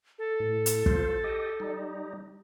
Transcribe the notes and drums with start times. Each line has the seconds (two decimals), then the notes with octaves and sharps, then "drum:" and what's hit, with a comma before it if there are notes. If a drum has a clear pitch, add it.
0.19 A4
0.40 A2
0.66 drum: hi-hat
0.86 F4 C5, drum: kick
1.24 G4 D#5
1.60 G3 D#4